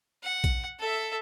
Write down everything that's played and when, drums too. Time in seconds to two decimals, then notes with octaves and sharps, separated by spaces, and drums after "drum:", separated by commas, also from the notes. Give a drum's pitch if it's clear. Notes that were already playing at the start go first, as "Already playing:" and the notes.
0.23 F#5
0.44 drum: kick, hi-hat
0.79 A4 E5